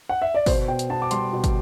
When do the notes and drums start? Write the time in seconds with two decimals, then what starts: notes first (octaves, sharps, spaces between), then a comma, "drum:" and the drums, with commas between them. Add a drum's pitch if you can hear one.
0.09 F#5
0.22 E5
0.35 D5
0.46 B2 C5, drum: kick, open hi-hat
0.68 B2 G5
0.79 drum: hi-hat
0.90 B3 A5
1.02 D6
1.11 G3 C6, drum: hi-hat
1.33 B2
1.44 drum: kick, hi-hat